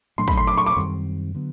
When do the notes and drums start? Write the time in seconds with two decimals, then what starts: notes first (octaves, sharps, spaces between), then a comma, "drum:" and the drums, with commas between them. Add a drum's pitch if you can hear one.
0.18 A#2 F#3 A3 D4 C6
0.28 B5, drum: kick
0.37 C6
0.47 D6
0.57 C#6
0.66 D6
0.77 F#2 D#3 G3 C4
1.35 D3 F#3 B3